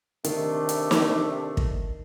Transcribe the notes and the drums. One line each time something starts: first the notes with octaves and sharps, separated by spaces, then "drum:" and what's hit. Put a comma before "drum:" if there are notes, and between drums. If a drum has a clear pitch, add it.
C3 D#3 A3 D4, drum: hi-hat
drum: hi-hat
drum: snare
drum: kick